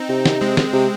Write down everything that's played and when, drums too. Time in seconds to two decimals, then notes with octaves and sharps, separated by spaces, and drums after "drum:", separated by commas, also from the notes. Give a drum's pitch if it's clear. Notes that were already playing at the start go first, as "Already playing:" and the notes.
Already playing: C4 D#4
0.09 C3
0.26 drum: snare
0.41 G#3 C4
0.57 drum: snare
0.73 C3